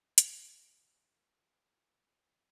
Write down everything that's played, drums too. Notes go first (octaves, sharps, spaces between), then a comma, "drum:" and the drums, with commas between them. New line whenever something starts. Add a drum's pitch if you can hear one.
B3 E4 F4 G4 G#4, drum: hi-hat